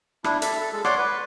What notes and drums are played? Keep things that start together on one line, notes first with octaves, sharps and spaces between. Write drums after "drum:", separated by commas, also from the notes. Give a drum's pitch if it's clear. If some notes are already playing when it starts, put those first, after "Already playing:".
D4 E4, drum: rim click
A4 E5, drum: hi-hat
A4
G#3 A4
C#5 D5 F#5 C6 D6, drum: rim click
B4